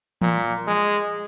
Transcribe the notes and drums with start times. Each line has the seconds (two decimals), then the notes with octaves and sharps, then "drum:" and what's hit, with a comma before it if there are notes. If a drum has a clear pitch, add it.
0.22 A#2, drum: tom E3
0.67 G#3